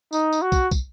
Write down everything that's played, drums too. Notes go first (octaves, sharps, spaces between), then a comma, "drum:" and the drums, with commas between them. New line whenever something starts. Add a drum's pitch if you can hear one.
D#4, drum: tambourine
drum: tambourine
F#4
drum: kick, tambourine
drum: kick, tambourine